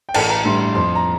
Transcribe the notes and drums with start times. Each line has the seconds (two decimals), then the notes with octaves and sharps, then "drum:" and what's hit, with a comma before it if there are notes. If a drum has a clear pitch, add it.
0.09 G5
0.14 A1 A5, drum: cymbal
0.29 A#5
0.44 A2 G3 D4 C6
0.60 C6
0.75 F2 C6
0.95 A#5